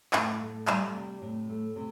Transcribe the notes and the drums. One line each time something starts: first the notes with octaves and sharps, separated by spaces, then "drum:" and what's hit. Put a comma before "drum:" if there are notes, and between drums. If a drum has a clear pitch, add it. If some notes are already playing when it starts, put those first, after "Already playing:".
A2, drum: clap
A3
G3, drum: clap
C3
A2
A3
C3